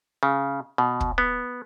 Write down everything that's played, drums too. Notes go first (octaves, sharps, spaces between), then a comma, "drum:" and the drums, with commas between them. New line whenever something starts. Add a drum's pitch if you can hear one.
C#3
B2
drum: kick
B3